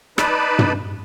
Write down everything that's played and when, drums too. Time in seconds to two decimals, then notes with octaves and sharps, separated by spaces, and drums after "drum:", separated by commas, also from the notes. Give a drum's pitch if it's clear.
0.18 D#4 B4 D5 A5 B5, drum: rim click
0.59 drum: tom